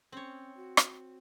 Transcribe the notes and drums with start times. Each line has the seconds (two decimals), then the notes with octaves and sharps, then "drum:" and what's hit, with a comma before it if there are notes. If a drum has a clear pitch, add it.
0.12 C4 C#4 C#5
0.57 F#4
0.77 drum: rim click